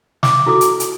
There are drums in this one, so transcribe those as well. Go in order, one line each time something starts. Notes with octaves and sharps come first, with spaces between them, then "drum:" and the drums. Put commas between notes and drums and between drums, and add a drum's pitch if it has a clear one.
D6, drum: snare
E4 F#4 A4 D6 D#6
drum: hi-hat
drum: hi-hat